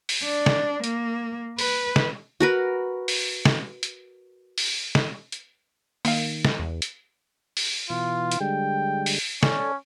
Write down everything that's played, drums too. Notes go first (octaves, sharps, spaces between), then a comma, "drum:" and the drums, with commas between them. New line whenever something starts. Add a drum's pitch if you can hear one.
drum: open hi-hat
D4
drum: snare
A#3, drum: hi-hat
B4, drum: open hi-hat
drum: snare
F#4 A#4 B4
drum: open hi-hat
drum: snare
drum: hi-hat
drum: open hi-hat
drum: snare
drum: hi-hat
D#3 A#3 F5, drum: open hi-hat
drum: snare
E2
drum: hi-hat
drum: open hi-hat
B2 E3 F4
drum: hi-hat
D3 G3 G#3 G5
drum: open hi-hat
C#4 A4 C#5 D5, drum: snare